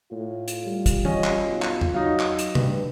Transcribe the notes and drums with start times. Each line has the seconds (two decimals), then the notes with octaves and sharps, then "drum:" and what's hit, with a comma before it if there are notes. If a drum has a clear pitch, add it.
0.11 A2 F4
0.48 drum: hi-hat
0.66 G3
0.86 drum: kick, hi-hat
1.05 C#4 D#5, drum: tom
1.24 drum: clap
1.46 B1
1.62 drum: clap
1.81 drum: tom
1.94 F#3 D#4 F5
2.20 drum: clap
2.39 drum: hi-hat
2.55 G2 B4, drum: tom